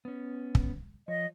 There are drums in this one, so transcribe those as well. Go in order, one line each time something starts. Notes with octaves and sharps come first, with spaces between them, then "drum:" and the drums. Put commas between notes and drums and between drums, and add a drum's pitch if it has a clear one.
B3 C#4
drum: kick
F3 C#5 D#5